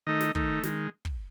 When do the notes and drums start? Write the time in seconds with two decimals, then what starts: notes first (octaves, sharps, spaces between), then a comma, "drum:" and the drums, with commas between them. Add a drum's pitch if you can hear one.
0.07 D#3 A3 D#4 D#5
0.20 drum: snare
0.35 D#3 A3 D#4, drum: kick
0.63 D#3 G#3, drum: snare
1.05 drum: kick